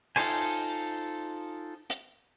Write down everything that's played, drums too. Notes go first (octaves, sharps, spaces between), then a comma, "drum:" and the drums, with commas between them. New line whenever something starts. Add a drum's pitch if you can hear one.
D#4 F4 A4 C5 G#5, drum: open hi-hat
drum: hi-hat